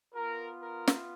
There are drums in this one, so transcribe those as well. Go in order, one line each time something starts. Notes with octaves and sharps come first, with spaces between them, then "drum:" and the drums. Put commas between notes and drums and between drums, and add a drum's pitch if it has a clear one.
B3 F4 A#4
A#4
drum: snare